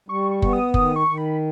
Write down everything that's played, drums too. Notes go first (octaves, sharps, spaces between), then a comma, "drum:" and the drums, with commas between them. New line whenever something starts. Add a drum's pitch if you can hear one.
G3 C#6
C#6
B3, drum: kick F#1
D#6
D#3 D#6, drum: kick F#1
C#6
D#3
B5